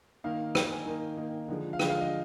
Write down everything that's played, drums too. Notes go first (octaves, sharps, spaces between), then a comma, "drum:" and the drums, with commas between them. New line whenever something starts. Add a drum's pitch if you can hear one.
D#3 A#3 D#4 F5
D#3 A#3 D#4 G5, drum: rim click
G#5
D#3 A#3 D#4
D#3 A#3 D#4
D3 F3 G#3
F5
D3 F3 G#3 G5, drum: rim click
F5
D#5